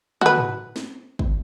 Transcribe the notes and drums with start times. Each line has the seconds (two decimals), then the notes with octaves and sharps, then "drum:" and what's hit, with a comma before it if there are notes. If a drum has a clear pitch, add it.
0.21 F#4 B4, drum: tom
0.38 drum: tom G#2
0.76 drum: snare
1.19 drum: kick